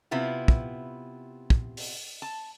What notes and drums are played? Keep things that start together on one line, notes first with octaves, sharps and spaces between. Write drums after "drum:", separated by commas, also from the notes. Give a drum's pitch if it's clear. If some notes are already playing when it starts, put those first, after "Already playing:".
C3 B3 E4 F4
drum: kick
drum: kick
drum: open hi-hat
A5